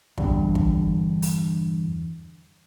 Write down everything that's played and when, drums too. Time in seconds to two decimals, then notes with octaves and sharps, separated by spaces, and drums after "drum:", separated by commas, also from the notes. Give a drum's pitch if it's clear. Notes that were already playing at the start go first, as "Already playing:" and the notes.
0.18 E2 G2 D3, drum: kick
0.55 drum: kick
1.22 drum: open hi-hat